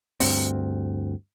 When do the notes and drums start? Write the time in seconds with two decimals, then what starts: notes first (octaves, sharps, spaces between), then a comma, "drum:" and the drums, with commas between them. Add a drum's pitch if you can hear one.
0.20 D2 G2 B3 C4, drum: open hi-hat